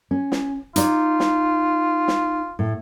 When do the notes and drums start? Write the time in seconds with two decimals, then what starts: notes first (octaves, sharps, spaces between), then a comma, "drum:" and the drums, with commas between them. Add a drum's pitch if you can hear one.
0.11 C#4
0.32 drum: snare
0.76 D#4 F4 C#5 D5, drum: hi-hat
1.20 drum: snare
2.08 drum: snare
2.59 A2